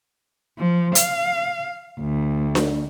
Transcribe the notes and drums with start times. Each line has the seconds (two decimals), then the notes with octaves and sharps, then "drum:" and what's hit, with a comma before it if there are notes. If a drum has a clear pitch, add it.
0.58 F3
0.95 F5, drum: hi-hat
2.00 D2
2.55 drum: snare D4